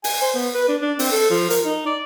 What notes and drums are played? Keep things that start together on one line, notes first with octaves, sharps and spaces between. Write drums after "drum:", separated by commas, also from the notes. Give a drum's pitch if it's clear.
G#5, drum: open hi-hat
C5
B3
B4
D4
D4
C4, drum: open hi-hat
A4
F3
A#4, drum: hi-hat
D#4
D5